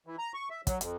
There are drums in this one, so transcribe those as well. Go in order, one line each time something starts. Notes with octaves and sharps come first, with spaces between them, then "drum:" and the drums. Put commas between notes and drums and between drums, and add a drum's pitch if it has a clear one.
E3
A#5
C#6
E5
F#3, drum: kick, hi-hat
F2, drum: hi-hat